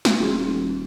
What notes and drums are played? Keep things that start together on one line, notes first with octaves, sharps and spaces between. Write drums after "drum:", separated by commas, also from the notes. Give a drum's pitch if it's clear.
drum: snare
D#1 F#4 G#4 C6